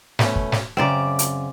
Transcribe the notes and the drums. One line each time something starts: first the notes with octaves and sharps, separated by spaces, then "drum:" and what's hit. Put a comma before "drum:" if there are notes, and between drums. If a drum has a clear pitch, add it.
B2 A3 C#4, drum: snare
drum: kick
drum: snare
F#2 C#3 C4 D5 A#5
drum: hi-hat